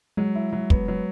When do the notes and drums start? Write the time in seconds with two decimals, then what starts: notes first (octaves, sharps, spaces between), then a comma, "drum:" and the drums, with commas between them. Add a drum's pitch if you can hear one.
0.17 F#3 G#3
0.35 E4
0.53 F#3
0.70 B3, drum: kick
0.88 F#3